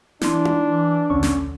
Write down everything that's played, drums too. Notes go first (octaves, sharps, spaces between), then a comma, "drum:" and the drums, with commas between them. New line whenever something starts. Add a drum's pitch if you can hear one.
E3 D4 E4 C6, drum: snare
drum: tom D#4
E3
A#1 D#2 D3 C#4 C#6
drum: snare